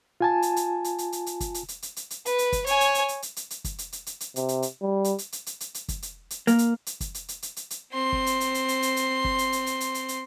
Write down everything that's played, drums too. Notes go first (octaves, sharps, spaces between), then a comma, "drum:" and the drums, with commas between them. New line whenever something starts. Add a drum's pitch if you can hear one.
F4 G#5 A5
drum: hi-hat
drum: hi-hat
drum: hi-hat
drum: hi-hat
drum: hi-hat
drum: hi-hat
drum: kick, hi-hat
drum: hi-hat
drum: hi-hat
drum: hi-hat
drum: hi-hat
drum: hi-hat
B4, drum: hi-hat
drum: hi-hat
drum: kick, hi-hat
C#5 G#5, drum: hi-hat
drum: hi-hat
drum: hi-hat
drum: hi-hat
drum: hi-hat
drum: hi-hat
drum: hi-hat
drum: kick, hi-hat
drum: hi-hat
drum: hi-hat
drum: hi-hat
drum: hi-hat
C3, drum: hi-hat
drum: hi-hat
drum: hi-hat
G3
drum: hi-hat
drum: hi-hat
drum: hi-hat
drum: hi-hat
drum: hi-hat
drum: hi-hat
drum: kick, hi-hat
drum: hi-hat
drum: hi-hat
A#3, drum: hi-hat
drum: hi-hat
drum: hi-hat
drum: kick, hi-hat
drum: hi-hat
drum: hi-hat
drum: hi-hat
drum: hi-hat
drum: hi-hat
C4 C6
drum: kick
drum: hi-hat
drum: hi-hat
drum: hi-hat
drum: hi-hat
drum: hi-hat
drum: hi-hat
drum: kick
drum: hi-hat
drum: hi-hat
drum: hi-hat
drum: hi-hat
drum: hi-hat
drum: hi-hat